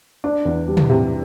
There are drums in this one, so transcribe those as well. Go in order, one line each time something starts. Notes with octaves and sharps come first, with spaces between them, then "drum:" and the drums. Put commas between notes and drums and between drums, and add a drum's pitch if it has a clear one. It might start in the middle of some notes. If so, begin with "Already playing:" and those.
D4 D5
E2
G3
drum: tom
C3